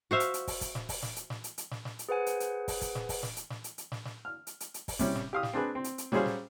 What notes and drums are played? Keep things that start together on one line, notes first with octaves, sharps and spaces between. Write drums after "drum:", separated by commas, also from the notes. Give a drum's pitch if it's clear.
F#4 C5 E5 F5
drum: hi-hat
drum: hi-hat
drum: kick, open hi-hat
drum: kick, hi-hat
drum: snare
drum: kick, open hi-hat
drum: snare
drum: hi-hat
drum: snare
drum: hi-hat
drum: hi-hat
drum: snare
drum: snare
drum: hi-hat
G#4 B4 C5 F#5 G#5
drum: hi-hat
drum: hi-hat
drum: kick, open hi-hat
drum: kick, hi-hat
drum: snare
drum: kick, open hi-hat
drum: snare
drum: hi-hat
drum: snare
drum: hi-hat
drum: hi-hat
drum: snare
drum: snare
F6
drum: hi-hat
drum: hi-hat
drum: hi-hat
drum: kick, open hi-hat
C3 G3 C#4, drum: kick, hi-hat
drum: snare
G4 F5 D#6
drum: snare
C4 D4 G#4 B4
C4
drum: hi-hat
drum: hi-hat
F#3 G3 C#4 G#4 C5 F5, drum: snare
drum: snare